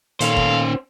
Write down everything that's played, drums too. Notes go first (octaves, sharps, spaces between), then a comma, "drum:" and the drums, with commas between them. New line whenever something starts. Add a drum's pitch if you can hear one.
A#2 D#3 C#4 A4 C5 F5, drum: hi-hat
drum: kick